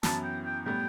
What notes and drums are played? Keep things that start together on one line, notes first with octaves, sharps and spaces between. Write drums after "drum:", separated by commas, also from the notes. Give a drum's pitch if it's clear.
F#2 E3 B3 E4 A5, drum: snare
G5
G5
A2 G3 B3 G5